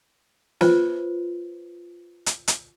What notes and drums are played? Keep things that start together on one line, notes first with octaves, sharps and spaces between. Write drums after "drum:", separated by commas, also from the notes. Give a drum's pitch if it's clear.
F4 B4 C5, drum: snare
drum: hi-hat
drum: hi-hat